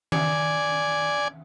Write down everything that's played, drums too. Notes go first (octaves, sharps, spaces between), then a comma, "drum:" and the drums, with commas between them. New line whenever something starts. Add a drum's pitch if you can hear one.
D5 G#5, drum: tom D#3